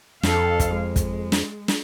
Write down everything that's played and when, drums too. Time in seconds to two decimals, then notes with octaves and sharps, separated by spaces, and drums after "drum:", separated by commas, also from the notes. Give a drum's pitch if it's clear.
0.23 F2 A4 F5, drum: snare
0.60 drum: kick, hi-hat
0.74 G#3
0.96 drum: kick, hi-hat
1.32 drum: snare
1.68 drum: snare